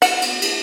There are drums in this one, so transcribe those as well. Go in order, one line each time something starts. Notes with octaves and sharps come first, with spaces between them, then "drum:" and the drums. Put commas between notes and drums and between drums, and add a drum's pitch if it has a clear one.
F#5, drum: cymbal
drum: cymbal
drum: cymbal